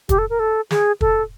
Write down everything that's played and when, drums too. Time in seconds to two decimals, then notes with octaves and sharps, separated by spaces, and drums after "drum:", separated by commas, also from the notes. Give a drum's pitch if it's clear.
0.09 G4, drum: kick, hi-hat
0.18 A4
0.30 A#4
0.39 A4
0.71 G#4, drum: snare
1.01 A4, drum: kick